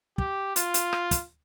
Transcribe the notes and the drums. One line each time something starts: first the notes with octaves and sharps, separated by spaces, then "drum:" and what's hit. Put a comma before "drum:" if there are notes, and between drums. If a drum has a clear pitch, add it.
G4, drum: kick
F4, drum: hi-hat
drum: hi-hat
drum: rim click
drum: kick, hi-hat